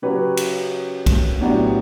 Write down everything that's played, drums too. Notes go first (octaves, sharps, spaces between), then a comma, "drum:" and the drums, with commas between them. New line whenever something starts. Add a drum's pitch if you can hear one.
C#3 F#3 C#4 G4 B4
drum: cymbal
drum: kick, cymbal
A2 F#3 B3 D4 G4